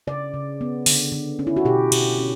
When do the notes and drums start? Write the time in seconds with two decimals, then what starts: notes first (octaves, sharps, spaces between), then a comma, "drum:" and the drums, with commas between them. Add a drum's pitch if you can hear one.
0.07 C#3 D5
0.34 C#3
0.61 B3
0.86 D3, drum: open hi-hat
1.12 D3
1.39 C#4
1.47 E4
1.56 F#4
1.65 B2 G4
1.92 B2, drum: cymbal
2.18 C#4